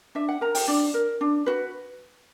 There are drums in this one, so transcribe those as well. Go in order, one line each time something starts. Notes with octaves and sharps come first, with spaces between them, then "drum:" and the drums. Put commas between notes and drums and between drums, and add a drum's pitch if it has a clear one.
D4 E5
F#5
A#4 A#5
G5, drum: open hi-hat
D4 D5
A#4
D4
F#4 B4